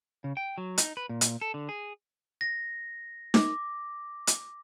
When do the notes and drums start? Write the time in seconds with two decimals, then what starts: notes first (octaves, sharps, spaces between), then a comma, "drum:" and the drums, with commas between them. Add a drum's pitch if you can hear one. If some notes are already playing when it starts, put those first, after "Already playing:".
0.24 C#3
0.37 G5
0.58 F#3
0.78 D#4, drum: hi-hat
0.97 B4
1.09 A#2
1.21 drum: hi-hat
1.41 A4
1.54 D3
1.69 G#4
2.41 A#6
3.34 D6, drum: snare D#4
4.27 drum: hi-hat